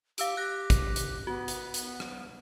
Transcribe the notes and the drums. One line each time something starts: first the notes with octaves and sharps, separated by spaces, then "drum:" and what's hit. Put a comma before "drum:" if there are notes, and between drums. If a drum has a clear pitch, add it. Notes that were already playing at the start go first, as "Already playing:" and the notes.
G4 F5 E6 D7, drum: hi-hat
G4 F#6 A#6
drum: kick, hi-hat
drum: hi-hat
B3 F#4
drum: hi-hat
drum: hi-hat
drum: rim click